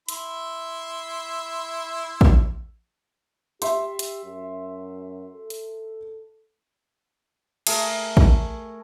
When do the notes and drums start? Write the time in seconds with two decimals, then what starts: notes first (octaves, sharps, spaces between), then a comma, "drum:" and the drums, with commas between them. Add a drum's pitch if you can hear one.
0.09 E4 E5 C6, drum: hi-hat
2.21 drum: kick
3.62 G4 E5 C6, drum: hi-hat
3.99 drum: hi-hat
4.25 F#2
5.34 A4
5.50 drum: hi-hat
7.67 A3 G#4 A#4, drum: cymbal
8.17 drum: kick